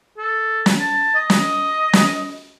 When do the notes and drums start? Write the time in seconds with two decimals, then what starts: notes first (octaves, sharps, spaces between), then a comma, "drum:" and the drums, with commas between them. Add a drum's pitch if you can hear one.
0.18 A4
0.66 drum: snare
0.80 A5
1.15 D#5
1.30 drum: snare
1.93 drum: snare